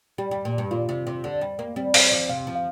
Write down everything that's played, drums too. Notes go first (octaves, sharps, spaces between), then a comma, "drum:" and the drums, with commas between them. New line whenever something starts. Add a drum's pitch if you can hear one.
G3 G4
G3
A#2
G2
A#2 F4
C3
C3
D3
G3
A#3
G3 C4
G3 C5, drum: open hi-hat
F3 D5
C3 F5
F3
F5